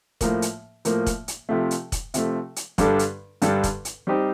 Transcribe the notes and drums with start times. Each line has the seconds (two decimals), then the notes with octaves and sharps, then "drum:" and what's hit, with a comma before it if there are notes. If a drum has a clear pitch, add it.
0.21 A2 F3 A#3, drum: kick, hi-hat
0.42 drum: hi-hat
0.85 A2 F3 A#3, drum: hi-hat
1.06 drum: kick, hi-hat
1.28 drum: hi-hat
1.49 C3 F3 A3
1.71 drum: hi-hat
1.92 drum: kick, hi-hat
2.14 C3 F3 A3, drum: hi-hat
2.56 drum: hi-hat
2.78 G2 D3 G3 D4 A4, drum: kick, hi-hat
2.99 drum: hi-hat
3.42 G2 D3 G3 D4 A4, drum: hi-hat
3.63 drum: kick, hi-hat
3.85 drum: hi-hat
4.07 G3 C4 D#4 G4 C5